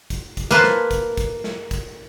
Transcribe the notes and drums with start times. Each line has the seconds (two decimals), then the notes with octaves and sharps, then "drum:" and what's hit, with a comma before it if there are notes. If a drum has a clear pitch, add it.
0.10 drum: kick, hi-hat
0.37 drum: kick, hi-hat
0.51 A#3 B4 A5 C6
0.64 drum: snare
0.91 drum: kick, hi-hat
1.17 drum: kick, hi-hat
1.44 drum: snare
1.71 drum: kick, hi-hat